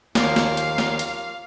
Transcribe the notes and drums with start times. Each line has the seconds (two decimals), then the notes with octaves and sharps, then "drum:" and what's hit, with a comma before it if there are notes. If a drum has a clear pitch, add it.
0.15 D#2 F3 A#3 F5, drum: snare
0.36 drum: snare
0.57 drum: hi-hat
0.78 drum: snare
0.99 drum: hi-hat